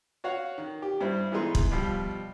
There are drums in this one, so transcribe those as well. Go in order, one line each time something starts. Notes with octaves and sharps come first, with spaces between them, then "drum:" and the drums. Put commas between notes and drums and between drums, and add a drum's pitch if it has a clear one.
F#4 C#5 F5 F#5
D#3
G4
G2 E4 C5
E3 G#3 B3 D#4 G#4 C6
drum: kick
B2 F3 G3